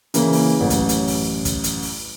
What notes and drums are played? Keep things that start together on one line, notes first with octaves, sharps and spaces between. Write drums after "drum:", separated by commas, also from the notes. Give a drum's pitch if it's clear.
C#3 E3 A#3, drum: hi-hat
drum: open hi-hat
A1 F#2
drum: kick, hi-hat
drum: hi-hat
drum: open hi-hat
drum: kick, hi-hat
drum: hi-hat
drum: open hi-hat